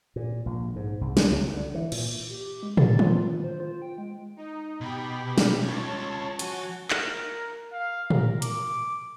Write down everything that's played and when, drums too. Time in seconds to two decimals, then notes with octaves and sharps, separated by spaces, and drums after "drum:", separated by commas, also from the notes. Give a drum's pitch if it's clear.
0.16 A#2
0.46 A#1
0.76 G#2
1.01 C2
1.17 F#3, drum: snare
1.31 C#2
1.53 D3
1.74 E3
1.92 A#2, drum: cymbal
2.30 G4
2.46 G4
2.63 G#3
2.77 A6, drum: tom
2.99 F4, drum: tom
3.30 D#3
3.44 C5
3.60 F4
3.82 G5
3.98 G#3
4.37 D#4
4.81 B2 G4 G5 B5
5.38 drum: snare
5.64 C#4 F4 C#5 A5
6.39 F3 F#4 G#5, drum: hi-hat
6.90 A#4 F6 F#6, drum: clap
7.73 F5
8.10 C#3 A#4, drum: tom
8.42 D6, drum: hi-hat